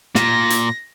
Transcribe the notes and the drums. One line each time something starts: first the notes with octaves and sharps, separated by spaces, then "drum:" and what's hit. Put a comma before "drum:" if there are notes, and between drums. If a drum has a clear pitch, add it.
A#2 A#6, drum: snare
drum: hi-hat